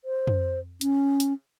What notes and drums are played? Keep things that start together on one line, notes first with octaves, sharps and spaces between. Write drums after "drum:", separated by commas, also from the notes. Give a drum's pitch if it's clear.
C5
drum: tom F2
C#4, drum: hi-hat
drum: hi-hat